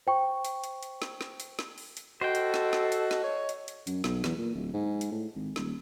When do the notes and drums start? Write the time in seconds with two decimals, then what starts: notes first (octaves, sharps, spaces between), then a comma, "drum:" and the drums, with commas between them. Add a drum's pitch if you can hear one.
0.07 C5 G5 C#6
0.45 drum: hi-hat
0.64 drum: hi-hat
0.83 drum: hi-hat
1.02 drum: snare
1.21 drum: snare
1.40 drum: hi-hat
1.59 drum: snare
1.78 drum: open hi-hat
1.97 drum: hi-hat
2.21 F#4 A4 C5 D#5 G5
2.35 drum: hi-hat
2.54 drum: snare
2.73 drum: snare
2.92 drum: hi-hat
3.11 drum: snare
3.24 C#5
3.49 drum: hi-hat
3.68 drum: hi-hat
3.87 F#2, drum: hi-hat
4.04 B1, drum: snare
4.24 E2, drum: snare
4.38 A#2
4.55 D1
4.73 G#2
5.01 drum: hi-hat
5.11 A2
5.36 G#1
5.56 D#1, drum: snare